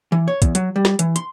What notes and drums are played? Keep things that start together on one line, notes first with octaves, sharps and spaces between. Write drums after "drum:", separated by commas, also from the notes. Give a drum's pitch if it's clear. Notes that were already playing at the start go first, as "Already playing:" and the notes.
E3
C#5
E2, drum: kick, hi-hat
F#3, drum: hi-hat
G3
drum: snare
E3, drum: hi-hat
C6, drum: hi-hat